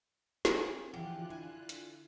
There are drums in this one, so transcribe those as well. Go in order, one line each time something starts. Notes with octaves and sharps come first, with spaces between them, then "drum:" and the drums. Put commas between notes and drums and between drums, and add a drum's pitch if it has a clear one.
C4 G#4, drum: snare
D3 E3 F3 F4 G4 F#5 F#6
E4 G#5
drum: hi-hat